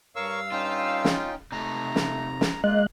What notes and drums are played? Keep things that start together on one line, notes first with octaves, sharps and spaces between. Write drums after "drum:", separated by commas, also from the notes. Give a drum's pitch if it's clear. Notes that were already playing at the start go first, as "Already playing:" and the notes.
G2 A#4 C#5 F5 C#6 E6
C#4 D#4 F4 G5
drum: snare
C3 A3 D#4 A5 A#5
drum: snare
drum: snare
G#3 A#3 F4 D#5 F#6